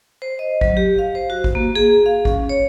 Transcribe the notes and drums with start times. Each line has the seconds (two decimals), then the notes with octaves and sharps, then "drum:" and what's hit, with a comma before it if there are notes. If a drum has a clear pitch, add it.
0.22 C5
0.39 D#5
0.61 F#3, drum: kick
0.77 G4
0.99 F5
1.15 C5
1.30 F#4
1.44 drum: kick
1.55 A#3
1.76 G#4
2.06 F5
2.25 C#4, drum: kick
2.49 C#5